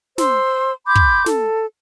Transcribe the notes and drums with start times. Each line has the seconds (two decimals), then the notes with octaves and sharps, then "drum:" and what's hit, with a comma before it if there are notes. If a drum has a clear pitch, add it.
0.18 C5 C6 E6, drum: snare
0.86 B5 C6 D6 G6
0.95 drum: kick
1.26 A4, drum: snare